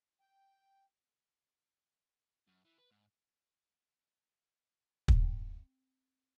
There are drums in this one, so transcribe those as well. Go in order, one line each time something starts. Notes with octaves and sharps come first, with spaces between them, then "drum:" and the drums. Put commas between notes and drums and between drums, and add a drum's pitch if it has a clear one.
G5
F#2
E3
B4
G#2
drum: kick
C4 G5